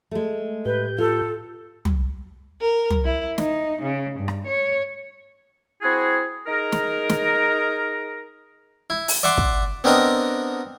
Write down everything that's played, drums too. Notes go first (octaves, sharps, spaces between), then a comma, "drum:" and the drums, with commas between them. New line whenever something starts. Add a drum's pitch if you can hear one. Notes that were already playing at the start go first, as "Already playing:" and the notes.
G#3 A3
A2 G4 B4 G6
F4 A4
drum: tom
A#4
drum: tom
E4
D#4, drum: snare
C#3
G2
drum: rim click
C#5
C4 E4 F#4 G#4
D#4 G#4 A#4
drum: snare
drum: snare
E4
drum: open hi-hat
D5 E5 F#5 C6 D6
drum: kick
B3 C4 D4 A#4 D#5 A#5